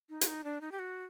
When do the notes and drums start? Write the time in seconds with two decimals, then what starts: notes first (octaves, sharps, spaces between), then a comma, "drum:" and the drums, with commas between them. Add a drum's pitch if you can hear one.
0.09 D#4
0.21 F#4, drum: hi-hat
0.27 D#4
0.44 D4
0.61 D#4
0.72 G4
0.79 F#4